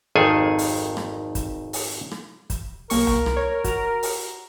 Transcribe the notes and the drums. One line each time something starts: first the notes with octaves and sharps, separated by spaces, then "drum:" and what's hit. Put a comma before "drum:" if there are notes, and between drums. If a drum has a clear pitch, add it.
G#1 F2 D#3 G#4 A4 G#5
drum: open hi-hat
drum: rim click
drum: kick, hi-hat
drum: open hi-hat
drum: rim click
drum: kick, hi-hat
B1 A#3 A#4 C#6, drum: open hi-hat
drum: tom C2
drum: rim click
C#5
F#4 A#5, drum: kick, hi-hat
drum: open hi-hat